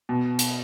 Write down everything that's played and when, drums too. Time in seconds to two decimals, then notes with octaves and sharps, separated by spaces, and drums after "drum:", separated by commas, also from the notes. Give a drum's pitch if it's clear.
0.09 B2
0.39 drum: hi-hat